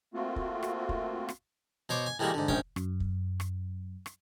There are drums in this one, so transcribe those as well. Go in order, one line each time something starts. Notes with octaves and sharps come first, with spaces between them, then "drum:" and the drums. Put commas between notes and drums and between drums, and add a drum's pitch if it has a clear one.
A3 A#3 C4 F4 F#4
drum: kick
drum: rim click
drum: kick
drum: rim click
B2 C5 C#5 D6
G#5
A2 E3 G3 G#3 A#3 F#4
G#2 D3
A#1 G#2 C#4 G5, drum: kick
F#2, drum: rim click
drum: kick
drum: rim click
drum: rim click